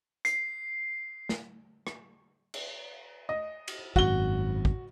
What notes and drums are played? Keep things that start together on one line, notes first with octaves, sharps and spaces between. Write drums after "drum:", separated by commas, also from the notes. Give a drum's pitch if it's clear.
C7, drum: hi-hat
drum: snare
drum: rim click
drum: cymbal
D#5
drum: cymbal
G#1 F#2 F#4 G7, drum: kick
drum: kick